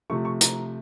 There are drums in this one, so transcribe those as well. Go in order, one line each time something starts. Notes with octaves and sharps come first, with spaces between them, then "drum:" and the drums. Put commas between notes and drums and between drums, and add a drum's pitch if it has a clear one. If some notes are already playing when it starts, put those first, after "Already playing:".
C3 F3 A3 C#6
C#6
A#5, drum: hi-hat